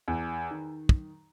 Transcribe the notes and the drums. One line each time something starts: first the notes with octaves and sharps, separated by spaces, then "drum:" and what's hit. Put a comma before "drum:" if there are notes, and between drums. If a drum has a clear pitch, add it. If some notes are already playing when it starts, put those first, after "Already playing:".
E2
D#3
drum: kick